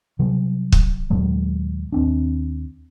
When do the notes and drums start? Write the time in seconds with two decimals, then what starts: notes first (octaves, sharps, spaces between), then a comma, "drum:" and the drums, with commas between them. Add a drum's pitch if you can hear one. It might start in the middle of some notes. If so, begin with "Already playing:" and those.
0.19 C3 F#3 G3
0.72 drum: kick
1.10 D#2 A#2 F#3 G#3
1.92 D#2 C4 D4